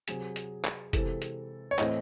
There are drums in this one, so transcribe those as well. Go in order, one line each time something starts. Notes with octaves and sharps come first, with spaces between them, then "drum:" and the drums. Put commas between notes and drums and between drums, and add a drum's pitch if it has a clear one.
C3 F#3 C4 G#4, drum: hi-hat
drum: hi-hat
drum: clap
C3 E3 G#3 C4 A4, drum: kick, hi-hat
drum: hi-hat
C#5
A2 E3 A3 C4 D#5, drum: clap